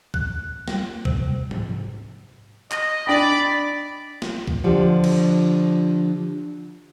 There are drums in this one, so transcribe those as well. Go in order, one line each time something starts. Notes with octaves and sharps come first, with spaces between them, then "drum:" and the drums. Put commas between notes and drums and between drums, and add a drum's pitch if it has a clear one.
F#6, drum: kick
G3, drum: snare
C3, drum: kick
drum: tom G#2
D#5, drum: clap
D4 D5 G5 B5
drum: snare
drum: kick
D3 F3 G3
drum: cymbal